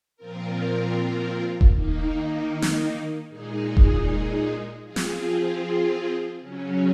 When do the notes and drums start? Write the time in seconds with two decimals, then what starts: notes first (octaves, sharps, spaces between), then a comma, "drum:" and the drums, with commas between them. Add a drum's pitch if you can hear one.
0.16 A#2 F3 C4 F4 A#4
1.61 drum: kick E1
1.72 D#3 A#3 D#4
2.62 drum: snare
3.29 A#2 G#3 D#4 G#4
3.77 drum: kick E1
4.84 F3 C4 F4 G#4
4.96 drum: snare
6.40 C#3 F#3 C#4